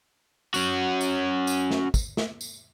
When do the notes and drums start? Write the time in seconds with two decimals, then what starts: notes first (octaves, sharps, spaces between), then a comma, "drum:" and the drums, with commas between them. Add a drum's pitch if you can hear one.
0.54 C#4 F#4, drum: tambourine
1.01 drum: tambourine
1.47 drum: tambourine
1.71 drum: snare
1.94 drum: kick, tambourine
2.17 drum: snare
2.41 drum: tambourine